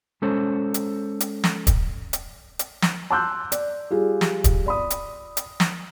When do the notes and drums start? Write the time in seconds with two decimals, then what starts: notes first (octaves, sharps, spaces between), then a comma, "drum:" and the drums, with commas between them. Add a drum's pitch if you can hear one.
0.22 G#3 C#4 A4 C5 C#5
0.74 drum: hi-hat
1.20 drum: hi-hat
1.44 drum: snare
1.67 drum: kick, hi-hat
2.13 drum: hi-hat
2.59 drum: hi-hat
2.82 drum: snare
3.10 A5 C6 D6 E6 F#6 G6
3.52 D5, drum: hi-hat
3.90 G3 F4 G#4
4.21 drum: snare
4.44 drum: kick, hi-hat
4.66 D5 B5 D#6
4.90 drum: hi-hat
5.37 drum: hi-hat
5.60 drum: snare